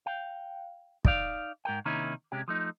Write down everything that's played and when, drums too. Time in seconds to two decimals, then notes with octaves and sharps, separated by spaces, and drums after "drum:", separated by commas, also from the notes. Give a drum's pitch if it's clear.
0.06 F5 G5
1.05 D#4 D5 F5, drum: kick
1.65 G#2 A#4 G5
1.85 C3 D#3 A#3 C#4 D#4 E4
2.32 C3 G#3 C#4 G4
2.48 F3 A3 D#4